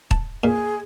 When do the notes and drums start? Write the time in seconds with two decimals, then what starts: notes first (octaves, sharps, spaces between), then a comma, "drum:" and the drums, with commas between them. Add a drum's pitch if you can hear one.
0.11 A5, drum: kick
0.44 A#2 G#4